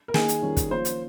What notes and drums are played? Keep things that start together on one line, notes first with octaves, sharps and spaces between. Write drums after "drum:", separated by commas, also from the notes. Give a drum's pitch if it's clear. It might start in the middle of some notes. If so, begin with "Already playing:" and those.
A#4
D#3 A#3 D#4 G#4, drum: snare
drum: hi-hat
D#3 G3 C#4 F4
drum: kick, hi-hat
F3 A#3 C#4 F4 C5
drum: hi-hat